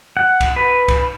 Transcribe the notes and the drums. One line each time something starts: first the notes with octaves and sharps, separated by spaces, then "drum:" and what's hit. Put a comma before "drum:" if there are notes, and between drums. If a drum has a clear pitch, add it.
F#5
drum: kick C2, cymbal
B4
drum: kick C2, cymbal